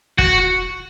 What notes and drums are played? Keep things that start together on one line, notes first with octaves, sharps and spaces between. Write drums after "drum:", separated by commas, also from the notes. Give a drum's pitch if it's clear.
F#4, drum: kick